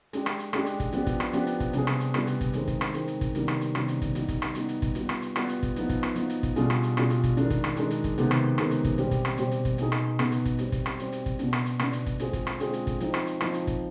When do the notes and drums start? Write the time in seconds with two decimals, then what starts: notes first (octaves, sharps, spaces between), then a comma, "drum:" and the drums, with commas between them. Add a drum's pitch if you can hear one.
0.13 G#3 D4 G4, drum: hi-hat
0.26 drum: rim click
0.40 drum: hi-hat
0.53 G#3 D4 G4, drum: rim click
0.66 drum: hi-hat
0.80 drum: kick, hi-hat
0.93 F3 B3 D4 G4, drum: hi-hat
1.07 drum: kick, hi-hat
1.20 drum: rim click
1.33 F3 B3 D4 G4, drum: hi-hat
1.47 drum: hi-hat
1.60 drum: kick, hi-hat
1.73 C3 G3 B3 D4 G#4, drum: hi-hat
1.87 drum: rim click
2.00 drum: hi-hat
2.14 C3 G3 B3 D4 G#4, drum: rim click
2.27 drum: hi-hat
2.41 drum: kick, hi-hat
2.54 D#3 G#3 C4, drum: hi-hat
2.68 drum: kick, hi-hat
2.81 drum: rim click
2.94 D#3 G#3 C4, drum: hi-hat
3.08 drum: hi-hat
3.21 drum: kick, hi-hat
3.35 C3 D#3 G3 B3 D4, drum: hi-hat
3.48 drum: rim click
3.61 drum: hi-hat
3.75 C3 D#3 G3 B3 D4, drum: rim click
3.88 drum: hi-hat
4.02 drum: kick, hi-hat
4.15 G3 B3 D#4, drum: hi-hat
4.28 drum: kick, hi-hat
4.42 drum: rim click
4.55 G3 B3 D#4, drum: hi-hat
4.69 drum: hi-hat
4.82 drum: kick, hi-hat
4.95 G3 B3 F4, drum: hi-hat
5.09 drum: rim click
5.22 drum: hi-hat
5.36 G3 B3 F4, drum: rim click
5.49 drum: hi-hat
5.63 drum: kick, hi-hat
5.76 F3 B3 D#4, drum: hi-hat
5.89 drum: kick, hi-hat
6.03 drum: rim click
6.16 F3 B3 D#4, drum: hi-hat
6.30 drum: hi-hat
6.43 drum: kick, hi-hat
6.56 B2 G3 D4 F4 G#4, drum: hi-hat
6.70 drum: rim click
6.83 drum: hi-hat
6.97 B2 G3 D4 F4 G#4, drum: rim click
7.10 drum: hi-hat
7.24 drum: kick, hi-hat
7.37 D#3 G#3 D4, drum: hi-hat
7.50 drum: kick, hi-hat
7.64 drum: rim click
7.77 D#3 G#3 D4, drum: hi-hat
7.91 drum: hi-hat
8.04 drum: kick, hi-hat
8.18 C3 D#3 G#3 B3, drum: hi-hat
8.31 drum: rim click
8.58 C3 D#3 G#3 B3, drum: rim click
8.71 drum: hi-hat
8.84 drum: kick, hi-hat
8.98 B2 G3 C4 G4, drum: hi-hat
9.11 drum: kick, hi-hat
9.25 drum: rim click
9.38 B2 G3 C4 G4, drum: hi-hat
9.52 drum: hi-hat
9.65 drum: kick, hi-hat
9.78 B2 B3 D#4 G#4, drum: hi-hat
9.92 drum: rim click
10.19 B2 B3 D#4 G#4, drum: rim click
10.32 drum: hi-hat
10.45 drum: kick, hi-hat
10.59 G3 C4 G4, drum: hi-hat
10.72 drum: kick, hi-hat
10.86 drum: rim click
11.00 G3 C4 G4, drum: hi-hat
11.13 drum: hi-hat
11.26 drum: kick, hi-hat
11.39 B2 B3 D4, drum: hi-hat
11.53 drum: rim click
11.66 drum: hi-hat
11.79 B2 B3 D4, drum: rim click
11.93 drum: hi-hat
12.06 drum: kick, hi-hat
12.20 D3 G#3 C4 F4 G#4, drum: hi-hat
12.33 drum: kick, hi-hat
12.47 drum: rim click
12.60 D3 G#3 C4 F4 G#4, drum: hi-hat
12.73 drum: hi-hat
12.87 drum: kick, hi-hat
13.00 F3 C4 D#4, drum: hi-hat
13.14 drum: rim click
13.27 drum: hi-hat
13.41 F3 C4 D#4, drum: rim click
13.54 drum: hi-hat
13.67 drum: kick, hi-hat